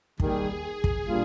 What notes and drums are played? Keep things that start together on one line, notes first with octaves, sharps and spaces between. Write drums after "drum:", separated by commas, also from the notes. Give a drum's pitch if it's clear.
D#2 D#3 G3 G#4, drum: kick
drum: kick
A#2 G3 A#3 D4 F4